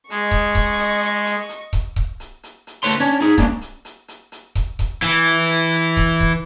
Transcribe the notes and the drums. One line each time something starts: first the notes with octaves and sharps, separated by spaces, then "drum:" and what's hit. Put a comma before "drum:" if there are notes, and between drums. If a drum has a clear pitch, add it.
G#3 D#5 C#6, drum: hi-hat
drum: kick C#1, hi-hat
drum: kick C#1, hi-hat
drum: hi-hat
drum: hi-hat
drum: hi-hat
drum: hi-hat
drum: kick C#1, hi-hat
drum: kick C#1
drum: hi-hat
drum: hi-hat
drum: hi-hat
D2 G#2 A3 B4 C#5 C6
C#4 D4 C#5
D#4 G#4
G#3 A#3 C#4 D4, drum: kick C#1, hi-hat
drum: hi-hat
drum: hi-hat
drum: hi-hat
drum: hi-hat
drum: kick C#1, hi-hat
drum: kick C#1, hi-hat
E3, drum: hi-hat
drum: hi-hat
drum: hi-hat
drum: hi-hat
drum: kick C#1, hi-hat
drum: kick C#1